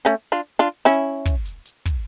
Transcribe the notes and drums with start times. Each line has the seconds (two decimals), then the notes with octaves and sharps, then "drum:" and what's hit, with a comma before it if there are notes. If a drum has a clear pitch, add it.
0.05 A3 C#4, drum: hi-hat
0.32 D4 F4
0.59 D4 F4
0.85 C#4 E4, drum: hi-hat
1.25 drum: kick, hi-hat
1.45 drum: hi-hat
1.65 drum: hi-hat
1.85 drum: kick, hi-hat